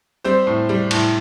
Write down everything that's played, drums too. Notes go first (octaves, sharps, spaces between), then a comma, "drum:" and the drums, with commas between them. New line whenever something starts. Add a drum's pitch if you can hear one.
G3 C4 C5
A2
G3
A2, drum: cymbal